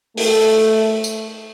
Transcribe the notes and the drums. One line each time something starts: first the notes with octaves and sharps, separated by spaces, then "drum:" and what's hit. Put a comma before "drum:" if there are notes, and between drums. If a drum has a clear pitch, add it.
A3, drum: open hi-hat
drum: tambourine